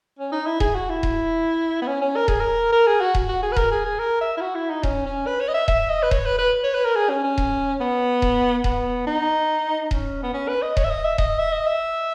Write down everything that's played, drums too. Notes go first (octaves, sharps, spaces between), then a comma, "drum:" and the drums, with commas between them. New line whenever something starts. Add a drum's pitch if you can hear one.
C#4
D#4
E4
G#4, drum: kick D#1
F#4
E4
drum: kick D#1
B3
C#4
C#4
A#4
G#4, drum: kick D#1
A#4
A#4
G#4
F#4
drum: kick D#1
F#4
G#4
B4
A#4, drum: kick D#1
G#4
G#4
A#4
E5
E4
F#4
E4
D#4
C#4, drum: kick D#1
C#4
B4
C#5
D#5
E5
E5, drum: kick D#1
D#5
B4
C#5, drum: kick D#1
B4
B4
C#5
B4
A#4
G#4
C#4
C#4
drum: kick D#1
B3
drum: kick D#1
B3, drum: kick D#1
D#4
C#4, drum: kick D#1
B3
C#4
B4
D#5
C#5, drum: kick D#1
E5
D#5
E5
D#5, drum: kick D#1
E5
D#5
E5